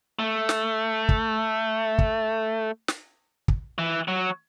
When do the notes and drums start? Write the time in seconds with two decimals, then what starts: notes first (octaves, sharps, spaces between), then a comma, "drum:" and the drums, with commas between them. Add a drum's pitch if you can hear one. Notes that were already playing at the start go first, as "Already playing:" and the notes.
0.19 A3
0.49 drum: snare
1.09 drum: kick
1.98 drum: kick
2.88 drum: snare
3.48 drum: kick
3.78 E3
4.08 F#3